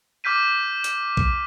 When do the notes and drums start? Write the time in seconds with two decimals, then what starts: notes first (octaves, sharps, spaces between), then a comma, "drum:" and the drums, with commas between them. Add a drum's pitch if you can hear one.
0.24 D6 F6 G6 B6 D#7
0.84 drum: hi-hat
1.17 drum: kick A#1